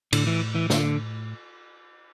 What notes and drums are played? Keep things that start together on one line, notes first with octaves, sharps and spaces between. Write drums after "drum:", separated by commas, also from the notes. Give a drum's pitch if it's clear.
A2 D3, drum: cymbal
E3
E3
D3, drum: snare